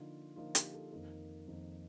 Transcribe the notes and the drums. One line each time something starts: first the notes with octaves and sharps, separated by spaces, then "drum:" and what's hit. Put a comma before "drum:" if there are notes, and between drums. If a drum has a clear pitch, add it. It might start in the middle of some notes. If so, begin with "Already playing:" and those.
Already playing: D3 F3 A#3 D#4 F4
D3 F3 A#3 D#4 F4
G4, drum: hi-hat
A4
F2 D#3 A#3 D#4 A#4
F2 D#3 A#3 D#4